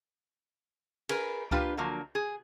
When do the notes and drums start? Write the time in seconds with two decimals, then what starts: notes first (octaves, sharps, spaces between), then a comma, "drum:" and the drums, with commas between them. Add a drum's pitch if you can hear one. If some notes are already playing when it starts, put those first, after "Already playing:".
1.09 G#4 A#4 B4, drum: cymbal
1.51 A#3 D4 F4 G4 B4, drum: kick C#2
1.77 D3 F3 F#3 A#3
2.15 G#4